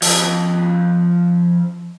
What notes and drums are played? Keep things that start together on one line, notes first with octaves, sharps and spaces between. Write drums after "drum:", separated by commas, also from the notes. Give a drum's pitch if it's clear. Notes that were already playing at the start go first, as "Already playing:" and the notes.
F3 D#5, drum: open hi-hat